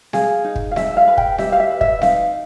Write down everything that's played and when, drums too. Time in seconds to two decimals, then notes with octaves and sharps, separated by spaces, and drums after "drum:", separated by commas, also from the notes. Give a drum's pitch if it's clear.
0.13 G#4 F5, drum: snare C4
0.45 D#4
0.56 drum: kick
0.72 F5
0.76 G#4 E5, drum: snare C4
0.97 F5
1.07 B4
1.17 G5, drum: kick
1.38 G4 E5, drum: snare C4
1.52 F5
1.60 E5
1.71 B4
1.81 E5, drum: kick
2.02 D#4 F5, drum: snare C4